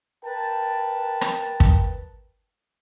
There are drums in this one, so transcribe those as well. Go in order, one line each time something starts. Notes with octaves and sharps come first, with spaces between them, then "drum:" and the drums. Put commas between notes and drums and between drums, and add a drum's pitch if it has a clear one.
A#4 B4 G5 A5
drum: rim click
drum: kick